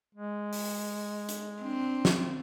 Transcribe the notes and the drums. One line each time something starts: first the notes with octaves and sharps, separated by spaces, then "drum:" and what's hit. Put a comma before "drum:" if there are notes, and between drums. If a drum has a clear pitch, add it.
G#3
drum: open hi-hat
drum: hi-hat
C4 D4
drum: snare